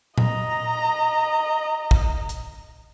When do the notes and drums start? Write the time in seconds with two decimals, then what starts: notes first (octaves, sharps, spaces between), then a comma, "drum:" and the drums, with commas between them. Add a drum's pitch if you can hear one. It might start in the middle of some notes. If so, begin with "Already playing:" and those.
0.18 D#5 A#5, drum: tom A#2
1.91 drum: kick
2.29 drum: hi-hat